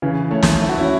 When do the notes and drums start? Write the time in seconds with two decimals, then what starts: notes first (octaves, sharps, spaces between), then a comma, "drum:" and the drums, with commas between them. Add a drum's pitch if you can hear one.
0.02 C#3 E3
0.31 A3 C#4
0.43 drum: snare
0.61 E4
0.69 F#4
0.78 C#4 E4